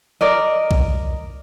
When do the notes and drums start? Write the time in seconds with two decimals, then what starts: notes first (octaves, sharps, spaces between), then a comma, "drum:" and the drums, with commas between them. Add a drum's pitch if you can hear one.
0.21 A#4 D5 D#5
0.71 drum: kick